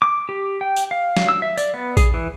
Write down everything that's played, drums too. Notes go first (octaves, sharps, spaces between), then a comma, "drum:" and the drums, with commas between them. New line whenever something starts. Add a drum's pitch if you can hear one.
D6
G4
G5
drum: tambourine
F5
drum: snare
E6
E5
D5, drum: tambourine
B3
G#4, drum: kick A#1, tambourine
E3